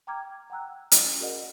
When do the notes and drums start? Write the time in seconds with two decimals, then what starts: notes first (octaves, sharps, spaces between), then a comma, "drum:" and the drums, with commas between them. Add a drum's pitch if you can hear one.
0.07 G5 A#5 D6 F6 G#6
0.50 F#5 G5 A#5 E6 F#6
0.92 drum: hi-hat
1.05 C#4
1.20 F#4 G#4 A#4 D5 D#5 F#5